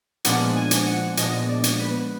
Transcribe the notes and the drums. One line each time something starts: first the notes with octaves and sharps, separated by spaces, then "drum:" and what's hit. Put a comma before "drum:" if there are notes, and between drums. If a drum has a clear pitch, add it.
A#2 F3 G#3 B3 D4 F#5, drum: hi-hat
G#5
drum: hi-hat
F#5
A#2 F3 G#3 B3 D4 D#5, drum: hi-hat
D5
drum: hi-hat
B4